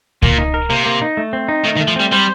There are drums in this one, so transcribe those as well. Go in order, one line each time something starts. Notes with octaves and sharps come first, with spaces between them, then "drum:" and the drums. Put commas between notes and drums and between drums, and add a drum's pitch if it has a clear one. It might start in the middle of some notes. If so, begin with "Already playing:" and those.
A#2 A#3, drum: kick C#2
D#4
A#4
C3 A#3
A#3
D#4
A3
C4
D#4
D#3 A3
D#3
A3
F3
G3 C4
G3 C5